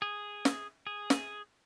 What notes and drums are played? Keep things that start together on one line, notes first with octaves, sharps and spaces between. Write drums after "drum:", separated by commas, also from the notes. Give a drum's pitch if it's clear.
G#4
drum: snare
G#4
drum: snare